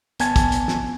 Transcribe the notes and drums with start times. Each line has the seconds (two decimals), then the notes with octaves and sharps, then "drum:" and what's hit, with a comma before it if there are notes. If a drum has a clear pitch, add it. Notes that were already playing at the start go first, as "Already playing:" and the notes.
0.20 G1 B3 G#5 A5 G#6, drum: hi-hat
0.36 drum: kick, hi-hat
0.52 drum: hi-hat
0.68 drum: snare